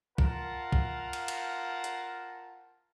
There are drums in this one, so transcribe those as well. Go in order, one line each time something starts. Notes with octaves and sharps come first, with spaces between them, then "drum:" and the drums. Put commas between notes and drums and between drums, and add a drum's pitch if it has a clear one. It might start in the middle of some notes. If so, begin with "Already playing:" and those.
F4 A#4 F5 F#5 A5, drum: kick
drum: kick
drum: cymbal
drum: cymbal
drum: hi-hat